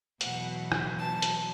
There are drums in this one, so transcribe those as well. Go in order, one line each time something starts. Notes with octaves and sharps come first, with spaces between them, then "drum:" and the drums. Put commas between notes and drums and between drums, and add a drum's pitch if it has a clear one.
E2 B2 F#3 F#5, drum: hi-hat
drum: rim click
A5
drum: hi-hat